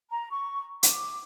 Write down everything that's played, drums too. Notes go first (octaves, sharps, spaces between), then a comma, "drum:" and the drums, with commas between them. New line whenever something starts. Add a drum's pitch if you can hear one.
A#5
C#6
D6, drum: hi-hat